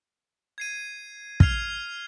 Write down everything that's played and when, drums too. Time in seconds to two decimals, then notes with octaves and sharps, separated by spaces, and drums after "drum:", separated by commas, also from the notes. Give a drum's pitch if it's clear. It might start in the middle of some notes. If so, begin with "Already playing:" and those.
0.58 G#6 C7 D#7
1.40 F6 G#6 C7 F7, drum: kick